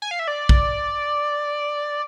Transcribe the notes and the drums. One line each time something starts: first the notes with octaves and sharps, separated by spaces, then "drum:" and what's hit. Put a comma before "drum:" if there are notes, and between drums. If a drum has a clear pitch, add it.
G#5
F5
E5
D5
drum: kick A#1